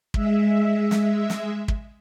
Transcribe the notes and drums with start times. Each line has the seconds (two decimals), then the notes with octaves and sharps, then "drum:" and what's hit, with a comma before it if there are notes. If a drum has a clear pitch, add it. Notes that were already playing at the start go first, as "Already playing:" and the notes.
0.14 G#3 E5, drum: kick
0.91 drum: snare
1.30 drum: snare
1.68 drum: kick